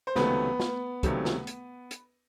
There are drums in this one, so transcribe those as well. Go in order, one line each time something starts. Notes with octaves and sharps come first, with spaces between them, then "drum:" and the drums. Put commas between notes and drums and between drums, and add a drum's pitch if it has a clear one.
C5
C#2 C3 D#3 F#3 A3 B3 B4, drum: snare
drum: snare
C#2 C3 D#3 F#3 A3, drum: kick, hi-hat
drum: snare
drum: hi-hat
drum: hi-hat